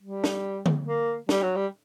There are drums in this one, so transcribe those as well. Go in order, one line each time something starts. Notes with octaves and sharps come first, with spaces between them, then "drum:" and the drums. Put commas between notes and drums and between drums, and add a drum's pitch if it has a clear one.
G3
drum: snare
drum: tom D3
A#3
G3, drum: snare
F#3
G3